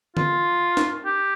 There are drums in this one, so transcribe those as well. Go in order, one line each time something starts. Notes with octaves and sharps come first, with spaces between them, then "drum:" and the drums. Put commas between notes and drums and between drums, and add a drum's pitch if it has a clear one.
F4, drum: tom D3
drum: snare
G4